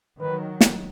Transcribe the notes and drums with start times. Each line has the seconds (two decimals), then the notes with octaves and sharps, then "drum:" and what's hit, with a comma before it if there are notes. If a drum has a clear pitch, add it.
0.20 D#3 F#3 B4
0.61 drum: snare